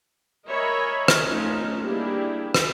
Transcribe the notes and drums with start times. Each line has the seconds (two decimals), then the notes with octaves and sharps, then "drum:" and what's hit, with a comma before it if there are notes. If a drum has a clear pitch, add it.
0.48 A#4 C#5 D#5 E5 G#5 B5
1.08 drum: rim click
1.26 A3 C#4 D#4 F4
1.81 G3 A#3 D4 E4 G4 G#4
2.55 drum: rim click